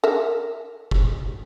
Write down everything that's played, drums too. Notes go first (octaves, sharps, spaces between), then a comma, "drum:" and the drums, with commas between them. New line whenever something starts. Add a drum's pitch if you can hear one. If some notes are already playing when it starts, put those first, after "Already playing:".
A#4 E5
drum: kick F#1